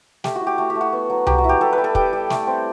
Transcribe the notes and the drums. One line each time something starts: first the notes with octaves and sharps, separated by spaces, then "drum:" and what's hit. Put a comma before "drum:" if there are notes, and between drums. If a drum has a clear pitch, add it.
A3 G4, drum: snare
F#4
E4
G4
A3 F#4
G4
A3
F#4
B3
F#3
F#3 G4, drum: tom C2
F#4
E4
G4
G3 A4
B4
G3
A4
G3 G5, drum: kick
G3
A3, drum: snare
C4